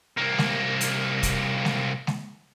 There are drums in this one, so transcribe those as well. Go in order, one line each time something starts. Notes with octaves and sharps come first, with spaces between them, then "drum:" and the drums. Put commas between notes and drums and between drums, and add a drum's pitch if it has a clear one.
C2 A#3
drum: snare G#3
drum: hi-hat
drum: kick, hi-hat
drum: snare G#3
drum: snare G#3